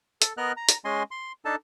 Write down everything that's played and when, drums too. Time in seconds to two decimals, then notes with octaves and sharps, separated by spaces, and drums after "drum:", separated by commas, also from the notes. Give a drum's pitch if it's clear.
0.22 A4, drum: hi-hat
0.37 B3 A#4 D#5 F6 F#6
0.57 A#5
0.69 drum: hi-hat
0.85 G#3 C#4 D#5 G#5 C6
1.11 C6
1.45 D4 D#4 A4 A5